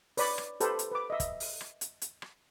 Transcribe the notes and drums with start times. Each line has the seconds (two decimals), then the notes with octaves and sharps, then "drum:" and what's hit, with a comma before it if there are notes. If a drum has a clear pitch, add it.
0.17 B4 C#5 D5 B5, drum: open hi-hat
0.38 drum: rim click
0.60 G4 A4 B4 C5, drum: hi-hat
0.79 drum: hi-hat
0.91 B4 D6
1.10 D#5 E5
1.20 drum: kick, hi-hat
1.40 drum: open hi-hat
1.61 drum: rim click
1.81 drum: hi-hat
2.02 drum: hi-hat
2.22 drum: rim click